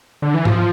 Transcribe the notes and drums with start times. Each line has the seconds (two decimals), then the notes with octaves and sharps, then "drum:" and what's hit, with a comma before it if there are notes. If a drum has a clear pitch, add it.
0.22 D3
0.34 E3
0.45 F3, drum: tom G#2